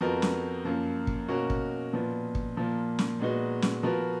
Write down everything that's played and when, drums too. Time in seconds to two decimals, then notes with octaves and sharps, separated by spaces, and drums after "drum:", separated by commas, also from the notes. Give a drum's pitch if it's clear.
0.01 F2 F3 B3 F#4 A#4
0.22 drum: snare
0.65 F#2 F3 A#3
1.07 drum: kick
1.28 B2 A#3 C#4 F#4 A#4
1.50 drum: kick
1.93 A#2 F3 B3
2.35 drum: kick
2.57 A#2 F3 A#3
2.99 drum: snare
3.19 A#2 G#3 B3 D#4 F#4
3.62 drum: snare
3.83 F3 B3 F#4 A#4